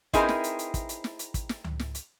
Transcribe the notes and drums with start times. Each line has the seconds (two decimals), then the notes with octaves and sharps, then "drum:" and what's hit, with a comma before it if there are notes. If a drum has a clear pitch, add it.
0.13 C4 D#4 E4 G#4 A#4 B4, drum: kick, hi-hat
0.29 drum: snare
0.44 drum: hi-hat
0.59 drum: hi-hat
0.74 drum: kick, hi-hat
0.89 drum: hi-hat
1.04 drum: snare
1.19 drum: hi-hat
1.34 drum: kick, hi-hat
1.49 drum: snare
1.64 drum: tom C#2
1.79 drum: snare
1.95 drum: hi-hat